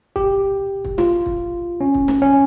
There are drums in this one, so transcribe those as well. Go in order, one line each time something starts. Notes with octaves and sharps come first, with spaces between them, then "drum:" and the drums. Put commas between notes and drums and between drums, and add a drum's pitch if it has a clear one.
G4, drum: kick
drum: kick
F4, drum: snare
drum: kick
C#4
drum: kick
drum: snare
C#4